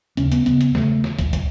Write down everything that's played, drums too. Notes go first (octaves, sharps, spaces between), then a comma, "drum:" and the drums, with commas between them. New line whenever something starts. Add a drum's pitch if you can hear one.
D#2 C#3 C#4, drum: hi-hat
B3, drum: hi-hat
E2 C#3 B3, drum: hi-hat
drum: hi-hat
E2 C#3 A3, drum: snare
drum: snare
drum: kick, hi-hat
drum: kick, hi-hat